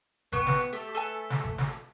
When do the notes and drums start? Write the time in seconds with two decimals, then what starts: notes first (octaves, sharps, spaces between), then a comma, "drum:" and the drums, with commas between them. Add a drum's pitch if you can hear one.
0.32 B3 G5 C#6 F#6, drum: kick G#1, hi-hat
0.46 drum: snare
0.60 drum: hi-hat
0.73 A3 G4 A4
0.95 A4 B4 G#5
1.30 drum: snare
1.44 drum: kick G#1
1.58 drum: snare
1.72 drum: hi-hat